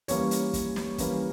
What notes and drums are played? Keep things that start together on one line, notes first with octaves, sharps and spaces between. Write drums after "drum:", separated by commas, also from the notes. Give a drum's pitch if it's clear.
E3 G3 A#3 C#4 C#5, drum: hi-hat
drum: hi-hat
drum: kick, hi-hat
drum: snare
E3 G3 A#3 C#4, drum: kick, hi-hat